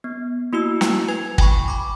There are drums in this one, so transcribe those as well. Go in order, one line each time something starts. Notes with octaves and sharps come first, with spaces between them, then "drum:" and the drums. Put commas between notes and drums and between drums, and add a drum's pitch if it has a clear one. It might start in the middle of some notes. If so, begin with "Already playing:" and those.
B3
A#3 E4 F#4 E6
drum: snare
B4 G#5 G#6
G5 G#5 B5 C#6, drum: kick
B5 D6